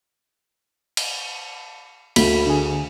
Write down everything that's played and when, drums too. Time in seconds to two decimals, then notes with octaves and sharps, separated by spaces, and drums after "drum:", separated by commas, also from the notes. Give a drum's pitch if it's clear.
0.97 drum: cymbal
2.16 D2 B5, drum: cymbal
2.46 D3 G#4